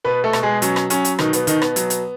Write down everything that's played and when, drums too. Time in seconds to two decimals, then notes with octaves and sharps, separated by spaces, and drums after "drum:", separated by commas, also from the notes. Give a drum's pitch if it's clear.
0.04 B2 B3 B4
0.24 A3 A4
0.33 B2, drum: rim click
0.43 G#3 G#4
0.62 F#3 C#4, drum: hi-hat
0.76 drum: rim click
0.90 F#3 C#4, drum: hi-hat
1.05 drum: hi-hat
1.19 B2 D#3 D#4, drum: rim click
1.33 B3, drum: hi-hat
1.47 B2 D#3 D#4, drum: hi-hat
1.62 B3, drum: rim click
1.76 F#3, drum: hi-hat
1.90 drum: hi-hat